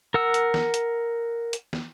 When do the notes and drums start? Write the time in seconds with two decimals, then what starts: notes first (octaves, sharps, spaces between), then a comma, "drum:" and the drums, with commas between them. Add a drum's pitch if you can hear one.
0.14 A#4 F#5 E6
0.34 drum: hi-hat
0.54 drum: snare
0.74 drum: hi-hat
1.53 drum: hi-hat
1.73 drum: snare